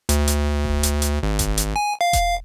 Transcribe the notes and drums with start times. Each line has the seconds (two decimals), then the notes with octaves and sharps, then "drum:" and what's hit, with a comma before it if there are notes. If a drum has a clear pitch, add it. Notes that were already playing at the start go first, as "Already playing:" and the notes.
0.09 D2, drum: hi-hat
0.28 drum: hi-hat
0.65 drum: kick E1
0.83 drum: hi-hat
1.02 drum: hi-hat
1.23 G#1
1.39 drum: kick E1, hi-hat
1.57 drum: hi-hat
1.76 G#5
2.01 F5
2.13 drum: kick E1, hi-hat